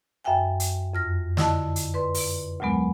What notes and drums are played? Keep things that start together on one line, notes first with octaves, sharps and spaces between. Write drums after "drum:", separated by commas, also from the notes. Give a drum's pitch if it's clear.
F#2 E5 F5 G5 G#5
drum: hi-hat
F2 F6 A#6
D3 E4 D#5 A5, drum: snare
drum: hi-hat
B4 D5 C6
drum: open hi-hat
D2 A#2 F#3 G#3 B3